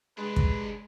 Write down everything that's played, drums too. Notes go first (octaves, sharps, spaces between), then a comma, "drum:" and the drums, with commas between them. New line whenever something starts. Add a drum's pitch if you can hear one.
C3 G#3 D4 B4
drum: kick